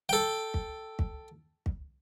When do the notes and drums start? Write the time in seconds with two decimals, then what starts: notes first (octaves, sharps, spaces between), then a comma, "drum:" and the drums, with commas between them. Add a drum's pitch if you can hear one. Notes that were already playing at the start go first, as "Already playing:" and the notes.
0.09 A4 G5
0.54 drum: kick
0.99 drum: kick
1.66 drum: kick